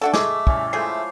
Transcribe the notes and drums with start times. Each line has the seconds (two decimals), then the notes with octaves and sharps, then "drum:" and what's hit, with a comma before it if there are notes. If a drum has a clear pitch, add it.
0.01 A3 D4 F#4 A4
0.14 G#3 A3 G#4 E5 D6, drum: snare
0.47 E3 G3 C#4, drum: kick
0.73 F3 G#3 A3 E4 G#4 G6 C7